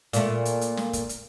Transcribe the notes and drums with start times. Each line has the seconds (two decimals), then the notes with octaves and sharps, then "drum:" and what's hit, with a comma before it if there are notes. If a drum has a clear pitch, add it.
0.13 A#2 A3, drum: hi-hat
0.45 drum: hi-hat
0.61 drum: hi-hat
0.77 drum: snare
0.93 drum: kick, hi-hat
1.09 drum: hi-hat